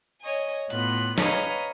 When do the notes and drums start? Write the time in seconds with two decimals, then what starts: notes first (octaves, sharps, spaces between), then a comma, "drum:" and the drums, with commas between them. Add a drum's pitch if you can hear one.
0.22 C#5 D#5 G#5
0.70 A2 B3 F4 F#6, drum: hi-hat
1.18 B4 C#5 D#5 F5 G#5 A#5, drum: snare